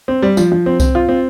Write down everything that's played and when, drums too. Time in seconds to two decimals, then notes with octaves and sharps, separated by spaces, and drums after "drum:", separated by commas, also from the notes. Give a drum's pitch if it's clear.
0.08 C4
0.23 G3
0.37 F3, drum: tambourine
0.52 F3
0.66 C4
0.80 C4, drum: kick C2, tambourine
0.95 F4
1.09 C4